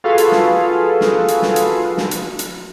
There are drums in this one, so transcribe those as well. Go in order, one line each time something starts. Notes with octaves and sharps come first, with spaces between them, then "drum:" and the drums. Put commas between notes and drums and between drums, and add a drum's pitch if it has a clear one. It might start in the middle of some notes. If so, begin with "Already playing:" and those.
F4 F#4 G#4 A4 B4 F5
drum: hi-hat
drum: snare
drum: snare
drum: hi-hat
drum: snare
drum: hi-hat
drum: snare
drum: hi-hat
drum: hi-hat